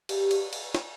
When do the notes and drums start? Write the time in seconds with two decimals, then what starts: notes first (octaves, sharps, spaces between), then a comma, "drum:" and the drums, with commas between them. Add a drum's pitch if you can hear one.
0.09 G4, drum: cymbal
0.31 drum: cymbal
0.53 drum: cymbal
0.75 drum: snare